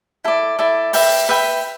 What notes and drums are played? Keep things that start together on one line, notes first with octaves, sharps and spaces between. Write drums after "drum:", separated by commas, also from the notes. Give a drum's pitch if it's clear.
E4 A4 D5
E4 A4 D5
B4 E5 G5 B5, drum: open hi-hat
B4 E5 G5 B5